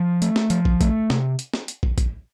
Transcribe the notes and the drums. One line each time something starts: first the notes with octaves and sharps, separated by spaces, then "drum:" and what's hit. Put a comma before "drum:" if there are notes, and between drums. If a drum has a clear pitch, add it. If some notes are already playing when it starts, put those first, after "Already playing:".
Already playing: F3
A3, drum: hi-hat
drum: snare
F3, drum: hi-hat
drum: kick
A3, drum: kick, hi-hat
C3, drum: snare
drum: hi-hat
drum: snare
drum: hi-hat
drum: kick
drum: kick, hi-hat